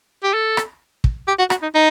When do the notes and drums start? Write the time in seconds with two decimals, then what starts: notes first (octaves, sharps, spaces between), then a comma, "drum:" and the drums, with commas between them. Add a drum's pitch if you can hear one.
0.23 G4
0.34 A4
0.57 drum: rim click
1.04 drum: kick
1.28 G4
1.39 F#4
1.50 F#4, drum: rim click
1.62 D#4
1.75 D#4